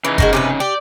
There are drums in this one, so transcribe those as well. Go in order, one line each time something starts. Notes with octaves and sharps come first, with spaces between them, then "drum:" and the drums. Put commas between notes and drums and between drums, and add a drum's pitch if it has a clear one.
C#3 E3 D#4
G#3 F#4 A#4, drum: kick F#1
C3 C#4 B4
G4 D5